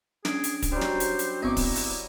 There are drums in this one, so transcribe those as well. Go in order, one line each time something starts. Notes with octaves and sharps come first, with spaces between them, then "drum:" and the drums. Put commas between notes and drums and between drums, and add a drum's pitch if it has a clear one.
C#4 D4 G#4 D7, drum: snare
drum: hi-hat
drum: kick, hi-hat
F#3 G3 C5
drum: snare
drum: hi-hat
drum: hi-hat
G1 B3 C4 E4 D#5 C#6 D6
drum: kick, open hi-hat
drum: open hi-hat